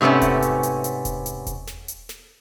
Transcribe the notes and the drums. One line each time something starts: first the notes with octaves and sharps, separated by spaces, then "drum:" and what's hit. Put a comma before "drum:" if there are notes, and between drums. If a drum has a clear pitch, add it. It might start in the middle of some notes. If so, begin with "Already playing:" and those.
G#2 C3 A3 B3 C#4
drum: kick E1, hi-hat
drum: hi-hat
drum: hi-hat
drum: hi-hat
drum: kick E1, hi-hat
drum: hi-hat
drum: kick E1, hi-hat
drum: snare
drum: hi-hat
drum: snare